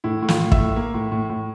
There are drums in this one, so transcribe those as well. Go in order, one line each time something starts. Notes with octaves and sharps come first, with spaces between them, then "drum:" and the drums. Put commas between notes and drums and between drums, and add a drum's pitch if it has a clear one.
A2 E4
A2
F4, drum: snare
A2
E5, drum: kick
A2
A#3
A2
A2
A2